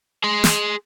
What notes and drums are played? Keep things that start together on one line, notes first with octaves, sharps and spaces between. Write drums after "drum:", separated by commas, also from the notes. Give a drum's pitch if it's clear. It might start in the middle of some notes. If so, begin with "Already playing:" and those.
G#4 C6
drum: snare